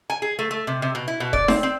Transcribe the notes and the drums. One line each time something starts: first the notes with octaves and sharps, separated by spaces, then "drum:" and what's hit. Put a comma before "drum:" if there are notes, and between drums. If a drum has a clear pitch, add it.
G#5
G#4
A3
A3
C3
C3
B2
E4
B2
D5, drum: kick D#1
C4, drum: snare D#4
C4